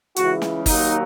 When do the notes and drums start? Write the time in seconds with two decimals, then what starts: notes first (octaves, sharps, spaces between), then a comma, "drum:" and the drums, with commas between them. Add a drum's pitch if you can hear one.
0.16 C#2 C#3 E3 F#4, drum: hi-hat
0.42 drum: snare
0.66 D#2 D#3 F#3 A#3 D#4, drum: kick, open hi-hat